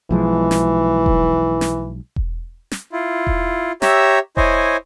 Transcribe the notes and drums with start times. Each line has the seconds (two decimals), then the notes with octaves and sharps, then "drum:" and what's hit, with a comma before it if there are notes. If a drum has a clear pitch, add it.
0.11 B1 E3 F3 G#3
0.51 drum: snare
1.06 drum: kick E1
1.61 drum: snare
2.16 drum: kick E1
2.71 drum: snare
2.92 E4 F4
3.27 drum: kick E1
3.82 G4 C#5 E5 A#5 E6, drum: snare
4.37 E4 C5 C#5 D#5 G#5, drum: kick E1